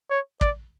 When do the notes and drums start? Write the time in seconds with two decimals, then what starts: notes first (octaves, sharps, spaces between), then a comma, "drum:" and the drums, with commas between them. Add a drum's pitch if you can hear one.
0.10 C#5
0.41 D5, drum: kick